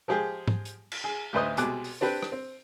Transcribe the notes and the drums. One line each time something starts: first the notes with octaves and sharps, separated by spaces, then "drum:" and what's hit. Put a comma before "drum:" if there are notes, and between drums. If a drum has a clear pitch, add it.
F3 G#3 G4 G#4
drum: tom
drum: hi-hat
drum: cymbal
G#4
A1 D2 B4 C5 D#5
C2 B2 G#3 G#4 D6 F#6, drum: hi-hat
drum: open hi-hat
C4 D4 G4 B4
drum: rim click
C4